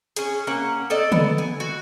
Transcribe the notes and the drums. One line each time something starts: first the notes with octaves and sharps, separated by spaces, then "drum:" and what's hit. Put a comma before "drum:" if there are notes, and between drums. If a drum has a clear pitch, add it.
C#4 G#4, drum: hi-hat
A#3 C#4 F#5
A4 D5 D#5
B3, drum: tom
G#5
F#4